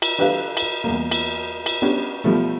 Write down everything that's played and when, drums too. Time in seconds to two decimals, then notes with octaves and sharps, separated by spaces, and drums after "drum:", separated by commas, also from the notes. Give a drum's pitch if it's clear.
0.02 drum: cymbal
0.19 D4 G4 A4 B4 E5 F5
0.57 drum: cymbal
0.84 E2 A#3
1.11 drum: cymbal
1.66 drum: cymbal
1.82 B3 C#4 D4 G4
2.24 B2 F3 G3 A3